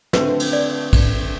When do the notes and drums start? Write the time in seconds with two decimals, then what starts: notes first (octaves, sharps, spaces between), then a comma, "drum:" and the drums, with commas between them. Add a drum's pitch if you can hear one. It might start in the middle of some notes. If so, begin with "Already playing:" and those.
0.13 D3 A3 C4 B4, drum: snare
0.40 drum: cymbal
0.53 D5
0.93 drum: kick, cymbal